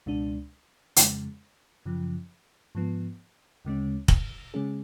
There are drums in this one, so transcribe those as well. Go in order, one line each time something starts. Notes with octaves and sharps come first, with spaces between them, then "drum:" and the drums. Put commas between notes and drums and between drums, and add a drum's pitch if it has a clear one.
C#2 B2 G#3 D4
F2 C#3 G#3, drum: hi-hat
F#2 C#3 F3
G#2 F3 B3
D2 C#3 G#3 C#4
drum: kick
C#3 G#3 C#4 G#4